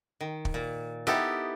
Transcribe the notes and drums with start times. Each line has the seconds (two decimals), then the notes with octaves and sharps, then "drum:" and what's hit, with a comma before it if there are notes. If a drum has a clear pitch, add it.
0.21 D#3
0.45 drum: kick
0.54 A#2
1.07 B3 D#4 E4 G4 A4, drum: snare